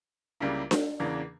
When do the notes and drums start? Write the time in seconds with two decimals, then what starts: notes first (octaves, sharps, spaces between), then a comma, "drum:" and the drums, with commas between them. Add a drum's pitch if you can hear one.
0.40 C#2 C#3 G3 A#3 E4
0.71 drum: snare D4
0.99 E2 C#3 E3 A#3 D4